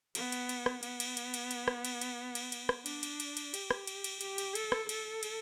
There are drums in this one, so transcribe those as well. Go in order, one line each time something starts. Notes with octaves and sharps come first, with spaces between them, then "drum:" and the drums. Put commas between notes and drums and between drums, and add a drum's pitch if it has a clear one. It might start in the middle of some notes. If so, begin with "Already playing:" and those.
B3, drum: cymbal
drum: cymbal
drum: cymbal
drum: rim click
B3, drum: cymbal
drum: cymbal
drum: cymbal
drum: cymbal
drum: cymbal
drum: rim click
drum: cymbal
drum: cymbal
drum: cymbal
drum: cymbal
drum: rim click
D4, drum: cymbal
drum: cymbal
drum: cymbal
drum: cymbal
G4, drum: cymbal
drum: rim click
drum: cymbal
drum: cymbal
G4, drum: cymbal
drum: cymbal
A4, drum: cymbal
drum: rim click
A4, drum: cymbal
drum: cymbal